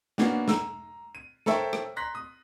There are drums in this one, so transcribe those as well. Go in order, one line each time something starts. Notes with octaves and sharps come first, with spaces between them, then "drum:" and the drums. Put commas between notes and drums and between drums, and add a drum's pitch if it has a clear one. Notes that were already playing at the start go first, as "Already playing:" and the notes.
A#3 B3 C#4 D4 F#4, drum: snare
A#5 E6, drum: snare
D#7
A4 A#4 C5 C#5 E5 G5, drum: snare
drum: rim click
A#5 C6 F#6 A#6 B6
D#6